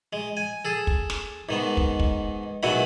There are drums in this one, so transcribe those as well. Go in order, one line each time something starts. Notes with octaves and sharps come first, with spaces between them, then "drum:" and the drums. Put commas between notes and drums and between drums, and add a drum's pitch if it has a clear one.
G#3
G#5
G#4 A4
drum: kick
drum: snare
G#2 D#3 B3
drum: kick
drum: kick
B2 D#3 F#3 G#3 E4 F#5